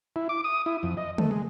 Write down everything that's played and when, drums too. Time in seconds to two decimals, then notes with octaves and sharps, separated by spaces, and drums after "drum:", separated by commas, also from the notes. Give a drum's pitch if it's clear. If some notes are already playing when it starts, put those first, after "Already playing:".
0.16 E4
0.29 D6
0.44 D#6
0.66 E4
0.83 F2
0.97 D#5
1.18 A3, drum: tom
1.31 G#3